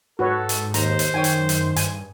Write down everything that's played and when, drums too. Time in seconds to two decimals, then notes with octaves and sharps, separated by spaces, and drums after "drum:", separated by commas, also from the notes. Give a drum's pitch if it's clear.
0.19 G#2 F#4 A4 B4 C#5
0.49 drum: hi-hat
0.74 D#2 C5 A#5, drum: hi-hat
0.99 drum: hi-hat
1.14 F#2 D#3 C#5 G5 G#5
1.24 drum: hi-hat
1.49 drum: hi-hat
1.76 G2 G#5, drum: hi-hat